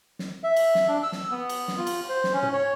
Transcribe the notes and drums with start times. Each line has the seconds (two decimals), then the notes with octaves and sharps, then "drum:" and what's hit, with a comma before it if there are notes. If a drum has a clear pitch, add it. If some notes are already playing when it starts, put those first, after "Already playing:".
0.19 drum: snare
0.44 E5
0.56 drum: cymbal
0.75 drum: snare
0.88 D4
1.03 E6
1.12 drum: snare
1.31 B3
1.49 drum: cymbal
1.68 drum: snare
1.77 F4
1.87 drum: cymbal
2.09 C5
2.24 drum: snare
2.33 C#4
2.42 drum: tom
2.53 C#5